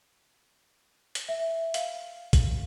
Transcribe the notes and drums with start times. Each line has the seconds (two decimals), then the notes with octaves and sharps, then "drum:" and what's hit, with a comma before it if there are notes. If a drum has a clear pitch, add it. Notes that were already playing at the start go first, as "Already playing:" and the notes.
1.15 drum: hi-hat
1.29 E5
1.74 F5, drum: hi-hat
2.33 drum: kick, hi-hat